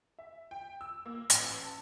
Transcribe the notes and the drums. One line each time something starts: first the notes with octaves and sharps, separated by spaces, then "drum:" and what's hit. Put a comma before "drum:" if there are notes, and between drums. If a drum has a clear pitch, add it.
E5
G5
E6
A#3
A1, drum: hi-hat
A5